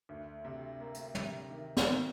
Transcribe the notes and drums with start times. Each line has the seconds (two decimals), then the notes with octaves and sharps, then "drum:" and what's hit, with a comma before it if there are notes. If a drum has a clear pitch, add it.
0.09 D2
0.45 C3
0.80 A#3
0.94 drum: hi-hat
1.15 C3, drum: tom
1.50 D#3
1.77 drum: snare
1.87 D#3